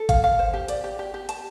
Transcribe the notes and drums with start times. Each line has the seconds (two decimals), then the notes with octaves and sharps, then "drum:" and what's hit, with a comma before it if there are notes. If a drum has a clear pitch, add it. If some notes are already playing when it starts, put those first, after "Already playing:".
Already playing: A4
0.09 F5, drum: kick G#1, hi-hat
0.24 F5
0.39 C5
0.54 G4
0.68 D5, drum: hi-hat
0.84 G4
0.99 G4
1.14 G4
1.29 A5, drum: hi-hat